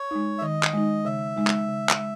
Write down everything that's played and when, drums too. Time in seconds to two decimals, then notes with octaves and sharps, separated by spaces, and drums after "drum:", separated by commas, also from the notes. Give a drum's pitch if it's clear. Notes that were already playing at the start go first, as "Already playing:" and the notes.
Already playing: C#5
0.11 G#3 D#4
0.38 E5
0.42 D#3 D#5
0.63 drum: clap
0.73 G#3 D#4
1.05 C#3 E5
1.37 G#3 D#4
1.47 drum: clap
1.69 C#3
1.89 drum: clap
1.99 G#3